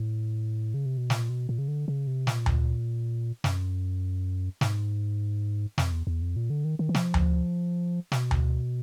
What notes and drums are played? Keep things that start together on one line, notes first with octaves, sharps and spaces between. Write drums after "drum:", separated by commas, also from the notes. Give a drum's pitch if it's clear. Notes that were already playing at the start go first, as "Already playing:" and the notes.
Already playing: A2
C#3
C3
B2
A#2, drum: snare
B2
A#2
C#3
D3
C#3
C3
A#2, drum: snare
drum: tom D2
F#2, drum: snare
G#2, drum: snare
F2, drum: snare
E2
E2
F2
A#2
D3
D#3
D#3
E3
F3, drum: snare
drum: tom D2
B2, drum: snare
drum: tom D2